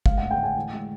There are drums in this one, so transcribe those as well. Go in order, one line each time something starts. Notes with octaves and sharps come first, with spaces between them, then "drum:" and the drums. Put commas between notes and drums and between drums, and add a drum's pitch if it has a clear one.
G#3 F5, drum: kick
F#5
A2
G5
A2 G#5
E3
G#3